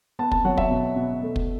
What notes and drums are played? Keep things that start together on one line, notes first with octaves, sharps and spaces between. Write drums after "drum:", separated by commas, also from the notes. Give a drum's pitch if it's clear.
B3 A5
A5, drum: kick
F#3 F#5
E5, drum: kick
B2
B2
A3
drum: kick